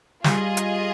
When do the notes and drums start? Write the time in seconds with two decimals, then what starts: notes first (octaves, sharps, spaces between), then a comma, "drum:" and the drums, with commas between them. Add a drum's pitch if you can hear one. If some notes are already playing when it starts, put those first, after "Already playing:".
0.24 G3 F4 G#4 D#5, drum: snare
0.57 drum: hi-hat